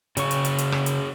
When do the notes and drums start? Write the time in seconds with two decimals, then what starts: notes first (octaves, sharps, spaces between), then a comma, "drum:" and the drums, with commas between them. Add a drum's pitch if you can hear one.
0.17 C#3 F#4 G#4 C#5 C#6, drum: hi-hat
0.31 drum: hi-hat
0.45 drum: hi-hat
0.58 drum: hi-hat
0.72 drum: rim click
0.86 drum: hi-hat